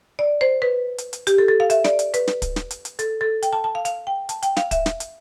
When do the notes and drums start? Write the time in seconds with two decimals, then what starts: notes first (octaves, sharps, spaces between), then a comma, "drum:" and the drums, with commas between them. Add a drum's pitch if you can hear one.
0.19 D5
0.41 C5
0.62 B4
0.98 drum: hi-hat
1.13 drum: hi-hat
1.27 G4, drum: hi-hat
1.38 A4
1.48 A4
1.60 F5
1.70 E5, drum: hi-hat
1.84 D5, drum: snare
1.99 drum: hi-hat
2.14 B4, drum: hi-hat
2.27 drum: snare
2.42 drum: kick, hi-hat
2.56 drum: snare
2.71 drum: hi-hat
2.85 drum: hi-hat
2.99 A4, drum: hi-hat
3.21 A4
3.43 G5, drum: hi-hat
3.53 A5
3.64 A5
3.75 F5
3.85 F5, drum: hi-hat
4.07 G5
4.29 A5, drum: hi-hat
4.43 G5, drum: hi-hat
4.57 F5, drum: snare
4.71 E5, drum: kick, hi-hat
4.86 drum: snare
5.00 drum: hi-hat